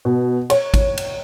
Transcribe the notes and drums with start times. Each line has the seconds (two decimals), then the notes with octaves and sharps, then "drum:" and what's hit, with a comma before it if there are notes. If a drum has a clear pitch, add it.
0.05 B2
0.50 C#5, drum: cymbal
0.74 drum: kick G#1, cymbal
0.97 drum: cymbal